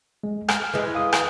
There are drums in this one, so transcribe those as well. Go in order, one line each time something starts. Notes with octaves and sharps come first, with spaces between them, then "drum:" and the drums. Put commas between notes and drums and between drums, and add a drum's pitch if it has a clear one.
G#3
F6, drum: rim click
E3 G#3
F5 D#6
drum: rim click